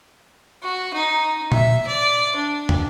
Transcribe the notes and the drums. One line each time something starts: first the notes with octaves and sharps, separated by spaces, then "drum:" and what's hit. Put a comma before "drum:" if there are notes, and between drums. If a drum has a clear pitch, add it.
F#4
D#4
E5, drum: tom A#2
D5
D4
drum: tom